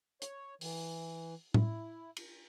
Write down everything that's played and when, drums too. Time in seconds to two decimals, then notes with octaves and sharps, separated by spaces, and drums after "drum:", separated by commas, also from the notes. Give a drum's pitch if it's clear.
0.22 C#5, drum: hi-hat
0.61 E3, drum: open hi-hat
1.54 E4, drum: tom A2
2.17 drum: cymbal